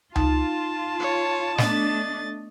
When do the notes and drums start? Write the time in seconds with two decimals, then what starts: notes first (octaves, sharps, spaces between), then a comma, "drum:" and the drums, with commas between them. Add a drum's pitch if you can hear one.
0.16 D#4 F4 A5, drum: tom C#2
0.99 C#5
1.58 A3 B3 D4 D#5 A6, drum: snare